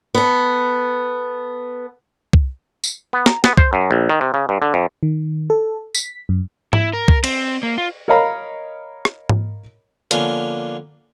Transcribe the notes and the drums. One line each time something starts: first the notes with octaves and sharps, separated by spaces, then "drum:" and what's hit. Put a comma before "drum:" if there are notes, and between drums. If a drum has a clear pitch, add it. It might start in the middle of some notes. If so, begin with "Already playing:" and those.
B3 A4
drum: kick
drum: tambourine
B3
A#5, drum: snare
B3, drum: snare
C5, drum: kick
F#2
A#1
D#3
C3
C#3
G2
D3
F2
D#3
A4
B6, drum: tambourine
F#2
E4, drum: tom G#2
A#4
drum: kick
C4, drum: cymbal
A#3
F4
A#4 C#5 D#5 F5 A#5 B5
drum: rim click
drum: tom G#2
D3 F3 A#3 B3 C#4 D4, drum: hi-hat